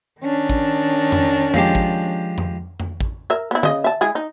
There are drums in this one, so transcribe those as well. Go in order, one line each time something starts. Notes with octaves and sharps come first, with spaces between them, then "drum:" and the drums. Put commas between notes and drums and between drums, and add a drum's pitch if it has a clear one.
D#3 C#4 D4
drum: kick A1
drum: tom F2
F3 G#3 G4, drum: tom F2
drum: kick A1
drum: tom F2
drum: tom F2
drum: kick A1
A#4 E5
B3 E4
C#3 D#5, drum: tom D3
E5 A5
G#3 E4 G#4
D#4